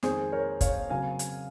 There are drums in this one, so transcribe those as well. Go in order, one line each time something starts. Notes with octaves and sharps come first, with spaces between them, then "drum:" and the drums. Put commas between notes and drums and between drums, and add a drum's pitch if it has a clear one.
F2 D#3 G#3 G#4 C5, drum: snare
A#4 C#5
C#5 F5, drum: kick, hi-hat
C#3 F#3 C4 F5 G#5
drum: hi-hat